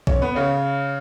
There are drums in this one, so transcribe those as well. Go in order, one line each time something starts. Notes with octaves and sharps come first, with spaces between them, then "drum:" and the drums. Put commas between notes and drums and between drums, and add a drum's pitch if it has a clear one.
C#4, drum: kick
B3
C#3 C#4